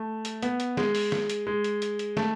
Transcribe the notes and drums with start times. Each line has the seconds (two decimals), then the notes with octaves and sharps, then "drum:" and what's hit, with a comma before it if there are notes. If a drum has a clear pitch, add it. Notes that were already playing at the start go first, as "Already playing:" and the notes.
Already playing: A3
0.25 drum: hi-hat
0.42 B3, drum: hi-hat
0.60 drum: hi-hat
0.77 G#3, drum: snare
0.95 drum: open hi-hat
1.12 drum: snare
1.30 drum: hi-hat
1.47 G#3
1.64 drum: hi-hat
1.82 drum: hi-hat
1.99 drum: hi-hat
2.17 A3, drum: snare